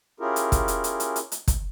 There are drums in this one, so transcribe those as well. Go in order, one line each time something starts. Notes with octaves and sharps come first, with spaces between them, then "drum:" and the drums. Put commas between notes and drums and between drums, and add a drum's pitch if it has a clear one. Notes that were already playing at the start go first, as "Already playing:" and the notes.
C#4 E4 F4 G4 G#4 A#4
drum: hi-hat
drum: kick, hi-hat
drum: hi-hat
drum: hi-hat
drum: hi-hat
drum: hi-hat
drum: hi-hat
drum: kick, hi-hat